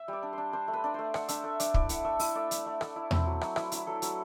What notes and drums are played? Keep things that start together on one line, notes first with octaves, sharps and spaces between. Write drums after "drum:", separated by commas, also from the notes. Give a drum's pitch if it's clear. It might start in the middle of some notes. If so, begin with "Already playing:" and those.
Already playing: E5
G3 D5
D4
D4 C5
D4 C5
A3
B4
D4 D5
A3 C5
D4 F#5, drum: rim click
D4 E5, drum: hi-hat
A3 E5
D4 D5, drum: hi-hat
E4 D5, drum: kick
E4 F#5, drum: hi-hat
A3 E5
E4 E5, drum: open hi-hat
A3 D5
A3, drum: hi-hat
A3
A3, drum: rim click
E4
C4, drum: tom E2
F#3
F#3, drum: rim click
E4 B4, drum: rim click
E4, drum: hi-hat
F#3 A4
F#3, drum: hi-hat